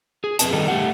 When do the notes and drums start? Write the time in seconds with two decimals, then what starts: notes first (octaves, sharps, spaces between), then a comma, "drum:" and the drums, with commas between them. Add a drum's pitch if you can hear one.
0.24 G#4
0.39 F2 C4 B4 A5, drum: hi-hat
0.53 D#3 G3 D#4 G4 A4
0.68 A3 G4 F#5